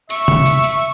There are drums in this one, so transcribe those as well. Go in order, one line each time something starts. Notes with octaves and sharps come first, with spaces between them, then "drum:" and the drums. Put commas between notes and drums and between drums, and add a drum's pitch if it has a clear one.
E5 C#6, drum: hi-hat
drum: tom C3
drum: hi-hat
drum: hi-hat